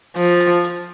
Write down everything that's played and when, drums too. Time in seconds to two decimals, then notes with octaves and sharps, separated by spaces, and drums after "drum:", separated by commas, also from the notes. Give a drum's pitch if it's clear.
0.16 F3, drum: hi-hat
0.40 drum: hi-hat
0.64 drum: hi-hat